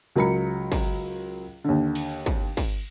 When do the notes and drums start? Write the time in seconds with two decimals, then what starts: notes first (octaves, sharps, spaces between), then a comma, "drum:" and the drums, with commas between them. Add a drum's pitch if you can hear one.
0.15 C#2 F#3 A#4 A#5 B5 C#7
0.72 drum: kick, cymbal
1.64 D#2 D3
1.95 drum: cymbal
2.26 drum: kick
2.57 drum: kick, cymbal